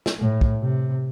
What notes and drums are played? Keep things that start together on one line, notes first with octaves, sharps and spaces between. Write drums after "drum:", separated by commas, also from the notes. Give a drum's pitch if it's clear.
drum: snare
A2
drum: kick
C3